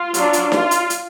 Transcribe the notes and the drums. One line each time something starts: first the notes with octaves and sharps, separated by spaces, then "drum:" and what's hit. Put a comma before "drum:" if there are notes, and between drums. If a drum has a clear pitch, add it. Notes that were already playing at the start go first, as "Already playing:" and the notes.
Already playing: F4
F#3 D4, drum: hi-hat
drum: hi-hat
F4, drum: snare D#4
drum: hi-hat
drum: hi-hat